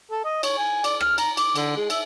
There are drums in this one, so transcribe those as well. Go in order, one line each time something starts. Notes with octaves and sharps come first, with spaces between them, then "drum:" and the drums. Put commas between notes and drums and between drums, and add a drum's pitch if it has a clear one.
A4
D#5
C#5, drum: cymbal
G#5
D5, drum: cymbal
F6, drum: rim click
A#5, drum: cymbal
D6, drum: cymbal
D3, drum: cymbal
G#3
E5, drum: cymbal